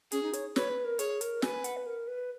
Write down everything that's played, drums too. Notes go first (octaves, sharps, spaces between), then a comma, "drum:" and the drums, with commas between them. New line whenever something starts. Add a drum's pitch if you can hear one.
C#4 G#4, drum: hi-hat
D#4
C#5, drum: hi-hat
B4 C#5, drum: snare
B4
A#4
G#4 C#5, drum: hi-hat
A#4, drum: hi-hat
B4 G#5, drum: snare
F#5, drum: hi-hat
B4
A#4
B4